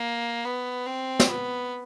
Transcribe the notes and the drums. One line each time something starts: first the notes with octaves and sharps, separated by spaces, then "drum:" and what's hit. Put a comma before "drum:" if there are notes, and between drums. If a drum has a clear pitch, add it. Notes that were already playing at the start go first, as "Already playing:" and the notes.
Already playing: A#3
B3
C4
drum: snare
B3